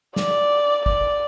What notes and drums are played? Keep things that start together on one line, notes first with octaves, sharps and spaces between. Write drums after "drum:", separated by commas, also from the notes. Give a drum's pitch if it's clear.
D5, drum: snare
D5, drum: kick